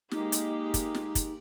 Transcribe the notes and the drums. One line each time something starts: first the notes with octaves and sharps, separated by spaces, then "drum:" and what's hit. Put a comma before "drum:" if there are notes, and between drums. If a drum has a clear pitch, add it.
G#3 A#3 D#4 G4, drum: snare
drum: hi-hat
drum: kick, hi-hat
drum: snare
drum: kick, hi-hat